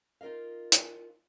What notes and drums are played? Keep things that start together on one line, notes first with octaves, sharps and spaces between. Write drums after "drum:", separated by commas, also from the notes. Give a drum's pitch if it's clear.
D#4 F4 A#4 D#5 F5
drum: hi-hat